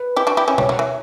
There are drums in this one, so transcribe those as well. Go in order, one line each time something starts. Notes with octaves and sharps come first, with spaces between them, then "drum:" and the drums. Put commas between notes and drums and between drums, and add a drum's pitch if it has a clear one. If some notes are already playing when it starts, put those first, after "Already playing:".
Already playing: B4
E4 G4
D4 F#4
E4 G4
C#4 E4
G3 C#5, drum: tom B2
F#3
E3